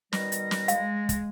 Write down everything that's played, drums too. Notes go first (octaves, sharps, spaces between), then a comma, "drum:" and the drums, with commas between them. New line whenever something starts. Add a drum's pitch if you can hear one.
B2 D#3 G3 A#6, drum: snare
drum: hi-hat
drum: snare
G#3 F5, drum: hi-hat
drum: kick, hi-hat